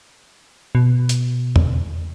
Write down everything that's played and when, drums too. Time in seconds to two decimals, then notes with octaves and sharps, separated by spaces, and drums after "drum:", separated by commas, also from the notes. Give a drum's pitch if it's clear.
0.75 B2
1.09 drum: hi-hat
1.56 drum: tom E2